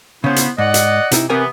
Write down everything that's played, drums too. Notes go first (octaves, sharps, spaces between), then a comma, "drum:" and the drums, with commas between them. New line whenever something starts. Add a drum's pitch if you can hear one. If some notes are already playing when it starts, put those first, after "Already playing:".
C#3 B3 C#4 E4 C5
drum: hi-hat
G#2 D5 D#5 F#5
drum: hi-hat
C3 D#4 E4, drum: hi-hat
C3 E3 B3 C4 A#4 G#5